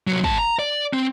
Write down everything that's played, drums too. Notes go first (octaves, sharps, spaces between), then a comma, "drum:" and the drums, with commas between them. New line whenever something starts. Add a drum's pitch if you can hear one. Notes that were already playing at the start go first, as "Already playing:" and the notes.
C2 F#3
G#2 A5, drum: kick
A#5
D5
C4